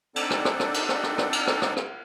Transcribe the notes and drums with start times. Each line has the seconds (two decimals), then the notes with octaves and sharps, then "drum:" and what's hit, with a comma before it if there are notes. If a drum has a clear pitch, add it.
0.16 C4 D4 D#4 A4 D5 F#5, drum: cymbal
0.30 drum: rim click
0.45 drum: rim click
0.60 drum: rim click
0.74 drum: cymbal
0.89 drum: rim click
1.03 drum: rim click
1.18 drum: rim click
1.33 drum: cymbal
1.47 drum: rim click
1.62 drum: rim click
1.76 drum: rim click